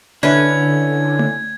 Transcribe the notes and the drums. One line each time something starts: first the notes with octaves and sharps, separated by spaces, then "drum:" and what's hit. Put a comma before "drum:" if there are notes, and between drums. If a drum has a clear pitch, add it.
D3 C#4 D4 E4 B4 G#6
drum: tom A3